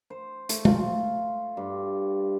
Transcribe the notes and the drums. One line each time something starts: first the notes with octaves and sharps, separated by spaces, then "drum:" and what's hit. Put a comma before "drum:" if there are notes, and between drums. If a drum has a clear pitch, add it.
C5
A3, drum: hi-hat
F4, drum: tom G#3
G2